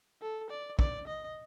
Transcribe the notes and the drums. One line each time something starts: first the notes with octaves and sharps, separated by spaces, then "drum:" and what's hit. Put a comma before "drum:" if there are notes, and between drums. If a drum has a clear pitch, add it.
A4
D5
D5, drum: kick
D#5